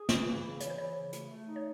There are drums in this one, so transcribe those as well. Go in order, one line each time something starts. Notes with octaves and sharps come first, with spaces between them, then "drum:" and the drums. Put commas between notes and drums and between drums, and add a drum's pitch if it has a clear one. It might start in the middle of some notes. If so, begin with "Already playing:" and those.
Already playing: G#4
E3, drum: snare
C#3
C#3
E3 C#5, drum: hi-hat
C5
E3 C#5
C#3
A3, drum: hi-hat
A3
D#4
C#5